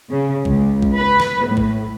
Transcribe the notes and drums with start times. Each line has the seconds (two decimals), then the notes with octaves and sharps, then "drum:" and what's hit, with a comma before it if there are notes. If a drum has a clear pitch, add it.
0.10 C#3
0.45 C#2, drum: kick A#1
0.83 drum: kick A#1
0.95 B4
1.20 drum: snare
1.46 A2
1.57 drum: kick A#1